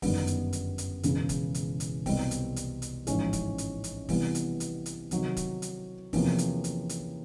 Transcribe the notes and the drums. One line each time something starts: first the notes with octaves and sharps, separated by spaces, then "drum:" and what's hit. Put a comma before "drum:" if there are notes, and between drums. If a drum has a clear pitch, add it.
G1 F#2 D#3 G3 B3, drum: kick, open hi-hat
drum: hi-hat
drum: hi-hat
drum: hi-hat
E1 E2 C#3, drum: hi-hat
drum: kick, hi-hat
drum: hi-hat
drum: hi-hat
C2 B2 G3 C4, drum: kick, open hi-hat
drum: hi-hat
drum: hi-hat
drum: hi-hat
A1 G#2 F3 G#3 C#4, drum: hi-hat
drum: kick, hi-hat
drum: hi-hat
drum: hi-hat
C3 E3 G3 B3, drum: kick, open hi-hat
drum: hi-hat
drum: hi-hat
drum: hi-hat
C3 D#3 F#3, drum: hi-hat
drum: kick, hi-hat
drum: hi-hat
E2 C3 F3 A#3 C#4, drum: kick, open hi-hat
drum: hi-hat
drum: hi-hat
drum: hi-hat